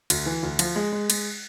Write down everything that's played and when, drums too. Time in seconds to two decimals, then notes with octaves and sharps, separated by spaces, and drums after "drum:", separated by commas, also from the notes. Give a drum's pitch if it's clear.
0.10 D2, drum: cymbal
0.26 E3
0.43 D2
0.59 F3, drum: cymbal
0.76 G#3
0.93 G#3
1.10 G#3, drum: cymbal